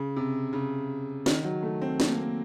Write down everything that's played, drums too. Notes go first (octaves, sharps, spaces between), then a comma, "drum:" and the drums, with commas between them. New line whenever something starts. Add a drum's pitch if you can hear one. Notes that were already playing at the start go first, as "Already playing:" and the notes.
Already playing: C#3
C3
C#3
D#3, drum: snare
F#3
A3
C4
A#3, drum: snare
A#3